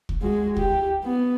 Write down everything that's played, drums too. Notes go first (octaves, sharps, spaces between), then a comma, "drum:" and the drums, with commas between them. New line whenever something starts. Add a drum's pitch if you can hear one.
drum: kick
G#3 F#4
G4, drum: kick
B3